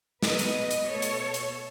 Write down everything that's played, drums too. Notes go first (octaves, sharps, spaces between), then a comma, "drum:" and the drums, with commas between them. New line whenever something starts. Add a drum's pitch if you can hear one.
B2 G#3 B3 B4 D#5, drum: snare
drum: hi-hat
drum: hi-hat
B2 A3 A4 C#5
drum: hi-hat
drum: hi-hat